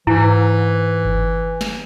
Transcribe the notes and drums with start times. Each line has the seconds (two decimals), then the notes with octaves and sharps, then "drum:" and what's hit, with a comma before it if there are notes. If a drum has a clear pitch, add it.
0.07 G#2 E3 E4
1.05 drum: kick G1
1.61 drum: snare